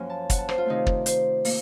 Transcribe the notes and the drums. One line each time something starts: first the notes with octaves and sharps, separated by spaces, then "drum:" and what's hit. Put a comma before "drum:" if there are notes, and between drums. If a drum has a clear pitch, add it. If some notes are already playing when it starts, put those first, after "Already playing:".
Already playing: F#2 F3 A#3 C#4
A5
F#5, drum: kick, hi-hat
A5
C5, drum: rim click
F4
C3 D#3 A3 C4 D#4
drum: kick
C5, drum: hi-hat
A#3, drum: open hi-hat